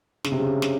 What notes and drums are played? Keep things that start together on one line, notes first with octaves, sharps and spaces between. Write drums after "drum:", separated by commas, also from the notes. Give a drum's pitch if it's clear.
C#3, drum: snare
C3
C#3
drum: snare